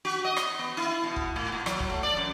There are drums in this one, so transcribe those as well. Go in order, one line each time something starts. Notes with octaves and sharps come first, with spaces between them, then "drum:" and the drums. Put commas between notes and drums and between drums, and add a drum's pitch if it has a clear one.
F#4
D#5
drum: rim click
B3
E4
B2
drum: kick
A2
A#2
F#3, drum: rim click
drum: kick
A3
D5
F#2